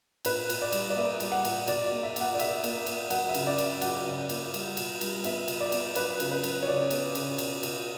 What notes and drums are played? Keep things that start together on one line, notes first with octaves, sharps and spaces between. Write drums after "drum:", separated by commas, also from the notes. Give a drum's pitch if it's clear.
A#2 B4, drum: cymbal
A#2, drum: cymbal
D5
G3, drum: cymbal
D5
A#3 E5
G3, drum: cymbal
F#5
A#2, drum: cymbal
B2 D5, drum: cymbal
A#3 D5
E5
A#3 F#5, drum: cymbal
D5
B2 E5, drum: cymbal
A#3, drum: cymbal
A#3, drum: cymbal
F#3 F#5, drum: cymbal
E5
C#3, drum: cymbal
D5
F#3, drum: cymbal
E5
F#3 F#5, drum: cymbal
C#3
A#3, drum: cymbal
G3, drum: cymbal
B2, drum: cymbal
G3, drum: cymbal
B3 E5, drum: cymbal
B2, drum: cymbal
D5
B3, drum: cymbal
F#3 B4, drum: cymbal
C#3, drum: cymbal
B4
F#3, drum: cymbal
C#5
C#3 D5
B3, drum: cymbal
C#3, drum: cymbal
B2, drum: cymbal
B2, drum: cymbal